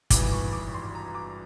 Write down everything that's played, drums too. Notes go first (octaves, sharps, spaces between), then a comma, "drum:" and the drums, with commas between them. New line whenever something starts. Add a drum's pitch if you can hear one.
G#1 G2 E3 D6, drum: kick, hi-hat
C#6
D6
C6
A#5
D6